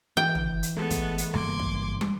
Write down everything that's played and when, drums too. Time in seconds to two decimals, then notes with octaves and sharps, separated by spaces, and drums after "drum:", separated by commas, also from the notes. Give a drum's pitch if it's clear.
0.17 E3 G5
0.35 drum: tom
0.63 drum: hi-hat
0.77 G#3 A3 B3 A4
0.90 drum: kick, hi-hat
1.18 drum: hi-hat
1.34 F#1 G2 A#3 C6 D6 G#6, drum: rim click
1.59 drum: kick
2.01 drum: tom